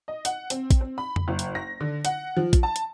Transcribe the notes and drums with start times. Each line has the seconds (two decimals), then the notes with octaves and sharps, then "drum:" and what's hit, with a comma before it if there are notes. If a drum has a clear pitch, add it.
0.08 D#5
0.25 F#5, drum: hi-hat
0.50 C4, drum: hi-hat
0.71 drum: kick A#1, hi-hat
0.81 C4
0.98 B5
1.16 drum: tom F2
1.28 F#1
1.39 drum: hi-hat
1.55 A#6
1.81 D3
2.05 F#5, drum: hi-hat
2.37 F3
2.53 drum: kick A#1, hi-hat
2.63 A5
2.76 drum: hi-hat